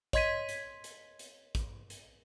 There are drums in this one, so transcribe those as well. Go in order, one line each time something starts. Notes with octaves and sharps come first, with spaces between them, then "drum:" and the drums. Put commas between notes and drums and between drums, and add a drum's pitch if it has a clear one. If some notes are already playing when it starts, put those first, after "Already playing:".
C#5 D#5 C6 G#6 B6 D#7, drum: kick, hi-hat
drum: hi-hat
drum: hi-hat
drum: hi-hat
drum: kick, hi-hat
drum: hi-hat